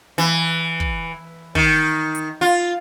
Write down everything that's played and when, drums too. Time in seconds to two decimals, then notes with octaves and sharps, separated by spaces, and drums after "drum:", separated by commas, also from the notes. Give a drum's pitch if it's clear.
0.18 E3, drum: snare
0.80 drum: kick
1.55 D#3, drum: kick
2.15 drum: hi-hat
2.41 F4